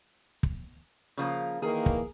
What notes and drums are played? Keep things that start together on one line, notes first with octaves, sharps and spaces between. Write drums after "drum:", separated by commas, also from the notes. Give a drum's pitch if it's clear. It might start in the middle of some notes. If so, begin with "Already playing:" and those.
drum: kick
C#3 F3 A#3
D#3 E3 A#3 G#4 A#4
drum: kick